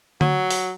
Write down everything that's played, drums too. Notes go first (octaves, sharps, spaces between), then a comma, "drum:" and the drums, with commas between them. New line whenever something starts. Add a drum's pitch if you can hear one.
F#3, drum: tom D3
drum: open hi-hat